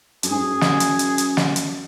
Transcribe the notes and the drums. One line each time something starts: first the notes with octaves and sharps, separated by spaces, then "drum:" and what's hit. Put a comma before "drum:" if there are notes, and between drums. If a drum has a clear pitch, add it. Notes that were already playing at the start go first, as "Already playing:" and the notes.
F#2 G#4, drum: hi-hat
G#2
F#2
drum: snare
drum: hi-hat
drum: hi-hat
drum: hi-hat
drum: snare
drum: hi-hat